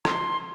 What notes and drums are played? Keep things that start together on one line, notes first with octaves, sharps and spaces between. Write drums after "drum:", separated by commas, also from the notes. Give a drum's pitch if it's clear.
C6, drum: rim click